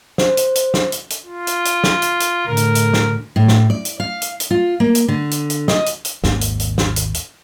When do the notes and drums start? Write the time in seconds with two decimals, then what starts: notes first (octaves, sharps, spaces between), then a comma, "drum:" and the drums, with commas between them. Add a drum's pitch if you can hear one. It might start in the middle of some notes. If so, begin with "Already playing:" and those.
0.18 C5, drum: snare
0.37 drum: hi-hat
0.56 drum: hi-hat
0.74 drum: snare
0.92 drum: hi-hat
1.10 drum: hi-hat
1.25 F4
1.47 drum: hi-hat
1.65 drum: hi-hat
1.84 drum: snare
2.02 drum: hi-hat
2.20 drum: hi-hat
2.47 A2 D3 A#4
2.57 drum: hi-hat
2.75 drum: hi-hat
2.93 drum: snare
3.36 A2
3.48 drum: snare
3.70 D5
3.85 drum: hi-hat
4.00 F5
4.22 drum: hi-hat
4.40 drum: hi-hat
4.51 F4
4.80 A#3
4.95 drum: hi-hat
5.08 D3
5.31 drum: hi-hat
5.50 drum: hi-hat
5.68 D#5, drum: snare
5.86 drum: hi-hat
6.05 drum: hi-hat
6.24 G#1 D#2 G#2 A#3, drum: snare
6.41 drum: hi-hat
6.60 drum: hi-hat
6.78 drum: snare
6.96 drum: hi-hat
7.14 drum: hi-hat